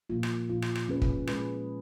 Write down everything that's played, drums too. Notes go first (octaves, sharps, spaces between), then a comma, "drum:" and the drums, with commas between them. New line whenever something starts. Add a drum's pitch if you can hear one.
A#2 F3 A#3 F4
drum: rim click
A#2 F3 A#3 F4
drum: rim click
drum: rim click
G#3 C#4 G#4 B4
drum: kick
G#3 C#4 G#4 B4, drum: rim click